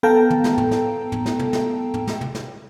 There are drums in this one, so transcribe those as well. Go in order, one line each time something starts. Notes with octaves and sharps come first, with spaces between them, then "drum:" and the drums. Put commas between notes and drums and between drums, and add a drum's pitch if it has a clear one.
B3 A4 F5 G5 A5 A#5
drum: tom
drum: snare
drum: tom
drum: snare
drum: tom
drum: snare
drum: tom
drum: snare
drum: tom
drum: snare
drum: tom
drum: snare